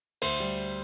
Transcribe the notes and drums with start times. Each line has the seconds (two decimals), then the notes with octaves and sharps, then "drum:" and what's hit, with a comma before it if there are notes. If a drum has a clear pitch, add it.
0.22 D2 C5, drum: cymbal
0.40 G3